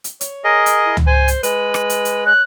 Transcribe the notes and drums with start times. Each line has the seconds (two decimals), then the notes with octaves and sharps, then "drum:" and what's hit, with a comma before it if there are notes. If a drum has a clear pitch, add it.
0.04 drum: hi-hat
0.21 C#5, drum: hi-hat
0.44 G#4 A#4 D#5
0.66 drum: hi-hat
0.86 E4
0.97 drum: tom C#2
1.07 C5 G#5
1.28 drum: hi-hat
1.43 G#3 B4, drum: hi-hat
1.74 drum: rim click
1.90 drum: hi-hat
2.05 drum: hi-hat
2.26 C#5 F#6